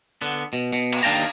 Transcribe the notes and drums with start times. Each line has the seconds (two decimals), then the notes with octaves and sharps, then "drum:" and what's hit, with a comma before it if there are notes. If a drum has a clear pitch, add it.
0.22 D3 B3
0.53 B2
0.73 B2
0.93 drum: cymbal
1.03 D#2 D4 F5 G5 A5 A#5